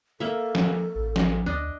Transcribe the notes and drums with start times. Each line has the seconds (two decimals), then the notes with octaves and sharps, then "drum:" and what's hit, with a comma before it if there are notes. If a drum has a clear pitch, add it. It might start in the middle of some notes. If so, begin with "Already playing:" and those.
0.20 A#3 A4 E5
0.55 drum: snare
0.95 A1
1.16 drum: snare
1.46 D2 D4 D#5